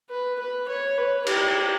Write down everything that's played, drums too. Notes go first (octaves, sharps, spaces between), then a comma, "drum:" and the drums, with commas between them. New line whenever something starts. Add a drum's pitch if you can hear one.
B4
B4
C#5
B4
G4, drum: cymbal